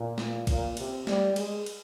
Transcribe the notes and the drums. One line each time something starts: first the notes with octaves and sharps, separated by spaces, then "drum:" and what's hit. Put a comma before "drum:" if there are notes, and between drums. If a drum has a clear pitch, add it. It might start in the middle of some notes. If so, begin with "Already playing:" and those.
Already playing: A#2
drum: snare
A#2, drum: kick, cymbal
C3, drum: cymbal
G3, drum: snare
G#3, drum: cymbal
drum: cymbal